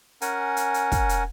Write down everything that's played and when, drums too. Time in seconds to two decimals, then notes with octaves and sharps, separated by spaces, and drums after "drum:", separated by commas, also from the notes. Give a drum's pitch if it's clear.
0.21 C#4 A#4 F#5 G#5, drum: hi-hat
0.57 drum: hi-hat
0.74 drum: hi-hat
0.92 drum: kick, hi-hat
1.09 drum: hi-hat